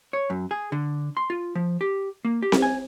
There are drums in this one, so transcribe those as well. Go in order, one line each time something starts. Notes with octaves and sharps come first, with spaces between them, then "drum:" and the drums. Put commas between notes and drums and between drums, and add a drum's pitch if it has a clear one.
C#5
F#2
G#4
D3
C6
F4
F3
G4
A#3
G4
drum: snare C4
G#5